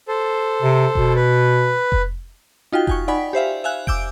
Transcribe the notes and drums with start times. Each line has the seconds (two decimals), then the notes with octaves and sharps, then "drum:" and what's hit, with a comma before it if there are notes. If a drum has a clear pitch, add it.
0.08 A4 C5
0.62 C3
0.95 B2, drum: kick F1
1.16 B4
1.92 drum: kick F1
2.72 D#4 F4 F#4 G5
2.87 G5 G#5 C#6, drum: kick F1
3.08 D#4 D5 F#5 G#5 B5 B6
3.33 G4 C5 E5 F5
3.64 E5 F5 G#5 F#6
3.87 D6 E6 G6 D7, drum: kick F1